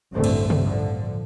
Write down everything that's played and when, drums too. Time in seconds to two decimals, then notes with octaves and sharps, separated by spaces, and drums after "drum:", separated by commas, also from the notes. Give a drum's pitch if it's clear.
0.14 A1 D2 G2 D3 A3 C4
0.24 drum: cymbal
0.50 drum: tom
0.67 D3 F3